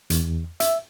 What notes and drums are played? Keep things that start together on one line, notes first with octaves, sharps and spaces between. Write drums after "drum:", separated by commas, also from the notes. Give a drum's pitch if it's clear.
E2, drum: hi-hat
E5, drum: hi-hat